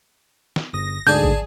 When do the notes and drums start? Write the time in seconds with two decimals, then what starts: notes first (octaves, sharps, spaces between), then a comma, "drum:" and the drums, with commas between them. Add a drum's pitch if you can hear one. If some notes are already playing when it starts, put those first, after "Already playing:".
0.56 drum: snare
0.73 G1 D#6 A#6
1.07 D2 G#2 D3 G#4 D5 G#5 A5 G6
1.23 drum: kick